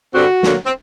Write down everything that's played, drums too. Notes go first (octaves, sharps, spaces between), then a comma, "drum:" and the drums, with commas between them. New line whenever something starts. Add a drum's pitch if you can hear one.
G2 D3 G3 C4 F#4
D2 D3 F#3 A#3, drum: snare
C4